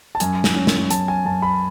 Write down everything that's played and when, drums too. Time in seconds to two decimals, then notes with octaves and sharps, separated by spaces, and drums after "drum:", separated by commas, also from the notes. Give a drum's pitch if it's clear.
0.15 A5
0.20 F#2 G#5, drum: hi-hat
0.44 drum: snare
0.56 C#4
0.67 drum: snare
0.90 F#2 A5, drum: hi-hat
1.08 G#5
1.25 F#2 A5
1.42 B5